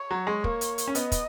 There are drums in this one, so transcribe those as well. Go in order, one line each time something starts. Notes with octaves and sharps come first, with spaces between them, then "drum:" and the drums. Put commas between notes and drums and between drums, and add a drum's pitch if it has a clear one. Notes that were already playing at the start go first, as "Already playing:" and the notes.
Already playing: C#5
F#3
G#3
A#3 C#5, drum: kick
drum: hi-hat
drum: hi-hat
C#4
B3 D#5, drum: hi-hat
drum: kick, hi-hat